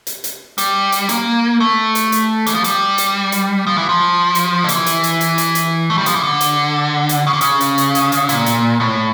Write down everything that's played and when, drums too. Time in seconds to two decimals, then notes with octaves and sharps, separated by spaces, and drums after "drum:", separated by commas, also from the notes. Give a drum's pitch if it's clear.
0.07 drum: hi-hat
0.24 drum: hi-hat
0.58 G3, drum: hi-hat
0.92 drum: hi-hat
1.09 A#3, drum: hi-hat
1.60 A3
1.95 drum: hi-hat
2.12 drum: hi-hat
2.46 E3, drum: hi-hat
2.54 F3
2.64 G3, drum: hi-hat
2.98 drum: hi-hat
3.32 drum: hi-hat
3.67 F3
3.77 E3
3.89 F3
4.35 drum: hi-hat
4.64 D3
4.69 E3, drum: hi-hat
4.86 drum: hi-hat
5.04 drum: hi-hat
5.21 drum: hi-hat
5.38 drum: hi-hat
5.55 drum: hi-hat
5.90 A3
5.98 G3
6.06 F3, drum: hi-hat
6.16 E3
6.24 D3
6.41 drum: hi-hat
7.09 drum: hi-hat
7.27 C#3
7.33 D3
7.41 C#3, drum: hi-hat
7.61 drum: hi-hat
7.78 drum: hi-hat
7.95 drum: hi-hat
8.12 drum: hi-hat
8.29 A#2, drum: hi-hat
8.46 drum: hi-hat
8.80 A2